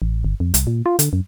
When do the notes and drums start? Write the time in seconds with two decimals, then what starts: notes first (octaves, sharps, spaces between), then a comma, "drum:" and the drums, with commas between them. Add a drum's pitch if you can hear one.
0.02 A1
0.24 G1
0.40 F2
0.54 C2, drum: hi-hat
0.67 A#2
0.86 F4
0.99 D3, drum: hi-hat
1.13 F#2